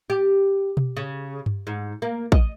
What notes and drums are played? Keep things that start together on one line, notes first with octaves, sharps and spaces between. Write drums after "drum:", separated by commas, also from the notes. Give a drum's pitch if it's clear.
G4
drum: tom B2
C#3
drum: tom G2
G#2
A#3
D#5, drum: kick